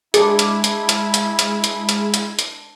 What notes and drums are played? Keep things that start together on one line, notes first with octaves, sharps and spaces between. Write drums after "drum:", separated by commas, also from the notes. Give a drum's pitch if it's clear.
G#3 D4 E4 G#4 D6, drum: hi-hat
drum: hi-hat
drum: hi-hat
drum: hi-hat
drum: hi-hat
drum: hi-hat
drum: hi-hat
drum: hi-hat
drum: hi-hat
drum: hi-hat